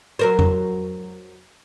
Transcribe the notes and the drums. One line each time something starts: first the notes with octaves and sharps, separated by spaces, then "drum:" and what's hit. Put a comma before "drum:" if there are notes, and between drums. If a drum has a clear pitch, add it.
F#3 A#4 C5
drum: tom F2